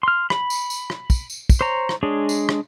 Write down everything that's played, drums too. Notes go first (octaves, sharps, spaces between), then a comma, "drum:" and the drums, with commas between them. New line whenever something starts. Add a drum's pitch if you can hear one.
C6 F6
B5, drum: rim click
drum: tambourine
drum: tambourine
drum: rim click
drum: kick, tambourine
drum: tambourine
drum: kick, tambourine
C5 C#5 A#5
drum: rim click
G#3 D4 G#4 C#5
drum: tambourine
drum: rim click